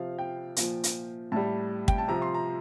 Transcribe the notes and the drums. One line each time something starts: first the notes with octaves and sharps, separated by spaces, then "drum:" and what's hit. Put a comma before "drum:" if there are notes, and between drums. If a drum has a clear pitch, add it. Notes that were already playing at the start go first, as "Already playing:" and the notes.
Already playing: C3 F3 F5
G5
A#2 F3, drum: hi-hat
drum: hi-hat
A2 G3 A5
G5, drum: kick
A5
C3 F3 A#5
C6
A#5